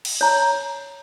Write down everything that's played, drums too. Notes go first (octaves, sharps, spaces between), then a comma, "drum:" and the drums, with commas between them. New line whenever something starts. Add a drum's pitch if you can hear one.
drum: cymbal
C#5 A#5